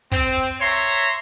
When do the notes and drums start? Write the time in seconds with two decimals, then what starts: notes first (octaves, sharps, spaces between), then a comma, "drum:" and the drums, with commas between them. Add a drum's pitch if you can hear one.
0.12 C4, drum: kick
0.61 C#5 E5 A#5 C6